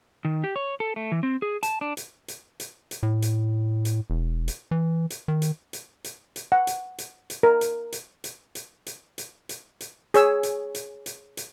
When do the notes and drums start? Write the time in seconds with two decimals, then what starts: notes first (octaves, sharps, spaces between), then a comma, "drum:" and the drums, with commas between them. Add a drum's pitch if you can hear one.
0.25 D#3
0.44 G4
0.56 C#5
0.80 A4
0.96 A3
1.12 E3
1.23 C4
1.42 G#4
1.63 A5, drum: hi-hat
1.81 D4
1.97 drum: hi-hat
2.28 drum: hi-hat
2.60 drum: hi-hat
2.91 drum: hi-hat
3.03 A2
3.22 drum: hi-hat
3.85 drum: hi-hat
4.10 E1
4.48 drum: hi-hat
4.71 E3
5.10 drum: hi-hat
5.28 D#3
5.42 drum: hi-hat
5.73 drum: hi-hat
6.04 drum: hi-hat
6.36 drum: hi-hat
6.52 F#5
6.67 drum: hi-hat
6.98 drum: hi-hat
7.30 drum: hi-hat
7.43 A#4
7.61 drum: hi-hat
7.92 drum: hi-hat
8.24 drum: hi-hat
8.55 drum: hi-hat
8.86 drum: hi-hat
9.18 drum: hi-hat
9.49 drum: hi-hat
9.81 drum: hi-hat
10.14 G#4 C#5 E6, drum: hi-hat
10.43 drum: hi-hat
10.75 drum: hi-hat
11.06 drum: hi-hat
11.37 drum: hi-hat